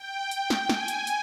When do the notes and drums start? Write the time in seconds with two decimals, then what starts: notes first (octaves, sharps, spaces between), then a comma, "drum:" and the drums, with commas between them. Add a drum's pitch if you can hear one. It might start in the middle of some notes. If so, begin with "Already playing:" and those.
Already playing: G5
0.31 drum: hi-hat
0.50 drum: snare
0.69 G#5, drum: snare
0.88 drum: hi-hat
1.07 drum: hi-hat